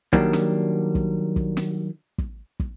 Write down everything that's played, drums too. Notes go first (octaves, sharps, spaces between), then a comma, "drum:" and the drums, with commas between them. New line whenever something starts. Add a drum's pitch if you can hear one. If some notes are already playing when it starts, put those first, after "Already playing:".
D#3 F#3 G3 A#3 D4, drum: kick
drum: snare
drum: kick
drum: kick
drum: snare
drum: kick
drum: kick